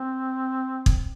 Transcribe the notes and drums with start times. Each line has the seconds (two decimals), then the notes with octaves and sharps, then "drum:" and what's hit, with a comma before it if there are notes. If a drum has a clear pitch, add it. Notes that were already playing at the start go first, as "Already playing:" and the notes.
Already playing: C4
0.86 drum: kick